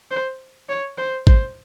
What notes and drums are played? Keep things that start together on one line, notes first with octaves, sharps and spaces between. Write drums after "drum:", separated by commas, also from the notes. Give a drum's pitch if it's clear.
C5
C#5
C5
C5, drum: kick